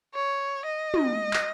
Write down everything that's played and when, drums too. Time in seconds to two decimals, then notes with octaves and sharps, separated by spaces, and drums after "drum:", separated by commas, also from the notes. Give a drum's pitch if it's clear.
0.14 C#5
0.65 D#5
0.94 drum: tom
1.33 drum: clap